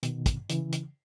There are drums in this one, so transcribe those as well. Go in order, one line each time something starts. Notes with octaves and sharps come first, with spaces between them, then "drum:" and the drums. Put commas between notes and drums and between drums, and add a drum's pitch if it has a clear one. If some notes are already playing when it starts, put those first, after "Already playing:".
B2 D#3, drum: hi-hat
drum: kick, hi-hat
C#3 E3, drum: hi-hat
drum: hi-hat